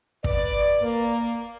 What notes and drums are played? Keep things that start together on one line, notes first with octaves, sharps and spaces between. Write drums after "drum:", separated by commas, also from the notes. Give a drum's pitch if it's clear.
B4 D5, drum: kick
A#3